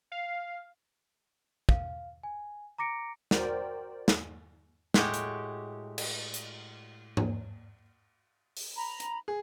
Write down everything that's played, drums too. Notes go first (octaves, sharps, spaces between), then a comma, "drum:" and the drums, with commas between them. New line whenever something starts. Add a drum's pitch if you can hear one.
F5
F5, drum: kick
G#5
A#5 D6 A#6 C#7 D7
F#4 A#4 C5 D5 G5, drum: snare
drum: snare
A2 G#3 F#4 G4, drum: snare
drum: hi-hat
drum: cymbal
drum: hi-hat
drum: tom
drum: open hi-hat
A#5 B5
drum: hi-hat
G#4